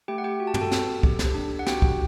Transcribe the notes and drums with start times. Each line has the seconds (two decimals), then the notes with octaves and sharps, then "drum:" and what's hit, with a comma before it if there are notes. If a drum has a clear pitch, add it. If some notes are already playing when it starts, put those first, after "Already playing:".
0.08 A3 G4 G5
0.18 F#5
0.24 G4 G5
0.40 F#4
0.47 A5
0.54 G5, drum: tom
0.61 A4 A5
0.71 B3, drum: snare
1.03 G4, drum: kick
1.19 drum: snare
1.34 D4
1.59 F#5
1.66 F#4 G4 G5, drum: snare
1.82 drum: kick